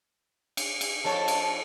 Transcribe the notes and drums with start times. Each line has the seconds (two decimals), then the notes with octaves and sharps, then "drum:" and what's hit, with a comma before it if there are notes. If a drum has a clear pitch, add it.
0.57 drum: cymbal
0.81 drum: cymbal
1.04 F2 A4 C#5 A5
1.28 drum: cymbal